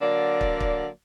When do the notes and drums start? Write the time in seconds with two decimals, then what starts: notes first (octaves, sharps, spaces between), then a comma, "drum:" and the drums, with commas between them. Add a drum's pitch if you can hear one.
0.01 D3 F#3 A#3 D5
0.41 drum: kick
0.60 drum: kick